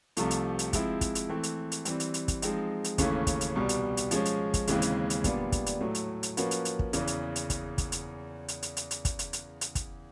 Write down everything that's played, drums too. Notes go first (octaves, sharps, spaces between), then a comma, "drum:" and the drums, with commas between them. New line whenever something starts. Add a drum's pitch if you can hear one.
C2 C3 F3 A3, drum: hi-hat
drum: hi-hat
drum: hi-hat
F3 G#3 C4 E4, drum: kick, hi-hat
drum: kick, hi-hat
drum: hi-hat
E3 A3 C4
drum: hi-hat
drum: hi-hat
E3 G3 C4, drum: hi-hat
drum: hi-hat
drum: hi-hat
drum: kick, hi-hat
F3 G#3 C4 D#4, drum: hi-hat
drum: hi-hat
D#2 C#3 E3 A3 C#4, drum: kick, hi-hat
drum: kick, hi-hat
drum: hi-hat
C2 B2 G3
drum: hi-hat
drum: hi-hat
F3 G#3 C#4, drum: hi-hat
drum: hi-hat
drum: kick, hi-hat
D#2 C#3 E3 G#3 C4, drum: hi-hat
drum: hi-hat
drum: hi-hat
A#2 G3 B3 D4, drum: kick, hi-hat
drum: kick, hi-hat
drum: hi-hat
A2 F#3 A3
drum: hi-hat
drum: hi-hat
F3 A#3 C#4 F#4 B4, drum: hi-hat
drum: hi-hat
drum: hi-hat
drum: kick
E2 C#3 E3, drum: hi-hat
drum: hi-hat
drum: hi-hat
drum: kick, hi-hat
drum: kick, hi-hat
drum: hi-hat
drum: hi-hat
drum: hi-hat
drum: hi-hat
drum: hi-hat
drum: kick, hi-hat
drum: hi-hat
drum: hi-hat
drum: hi-hat
drum: kick, hi-hat